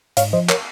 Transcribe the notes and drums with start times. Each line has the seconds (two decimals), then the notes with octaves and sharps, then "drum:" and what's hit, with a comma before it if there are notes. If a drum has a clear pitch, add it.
0.17 G#2 C#5 F5, drum: hi-hat
0.33 F3 C5 D#5
0.49 A#4 C#5, drum: clap